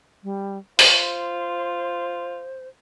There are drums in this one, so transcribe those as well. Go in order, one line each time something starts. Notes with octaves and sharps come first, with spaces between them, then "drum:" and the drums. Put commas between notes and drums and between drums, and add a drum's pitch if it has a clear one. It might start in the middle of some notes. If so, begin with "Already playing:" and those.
G3
F4 C5, drum: open hi-hat